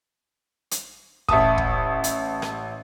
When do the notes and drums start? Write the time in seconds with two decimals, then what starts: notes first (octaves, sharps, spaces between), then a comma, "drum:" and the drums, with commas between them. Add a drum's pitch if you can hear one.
0.71 drum: hi-hat
1.29 A1 E5 A5 D#6, drum: kick
1.58 drum: kick
2.04 drum: hi-hat
2.42 drum: rim click